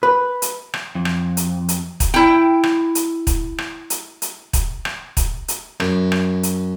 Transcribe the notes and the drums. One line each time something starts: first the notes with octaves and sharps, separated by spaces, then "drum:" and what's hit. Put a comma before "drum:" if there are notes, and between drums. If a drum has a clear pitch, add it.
B4
drum: hi-hat
drum: rim click
F2
drum: rim click
drum: hi-hat
drum: hi-hat
drum: kick, hi-hat
E4 G5
drum: rim click
drum: hi-hat
drum: kick, hi-hat
drum: rim click
drum: hi-hat
drum: hi-hat
drum: kick, hi-hat
drum: rim click
drum: kick, hi-hat
drum: hi-hat
F#2, drum: rim click
drum: rim click
drum: hi-hat